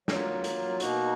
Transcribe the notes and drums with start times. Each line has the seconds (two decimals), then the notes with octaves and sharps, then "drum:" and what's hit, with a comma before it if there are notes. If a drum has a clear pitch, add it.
0.08 F#3 A#3 F4, drum: snare
0.44 drum: hi-hat
0.80 B2 A#3 D#4 F#4, drum: hi-hat